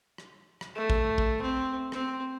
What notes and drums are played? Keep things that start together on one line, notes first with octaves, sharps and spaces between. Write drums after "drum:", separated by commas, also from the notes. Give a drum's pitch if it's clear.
drum: rim click
drum: rim click
A3
drum: kick
drum: kick
C4
C4, drum: rim click